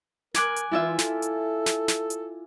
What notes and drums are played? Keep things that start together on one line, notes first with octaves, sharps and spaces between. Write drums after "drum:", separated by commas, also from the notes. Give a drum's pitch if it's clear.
A#4 G#5 D6 F#6, drum: snare
drum: hi-hat
E3 E4 F4 E5
A4, drum: snare
drum: hi-hat
drum: snare
drum: snare
drum: hi-hat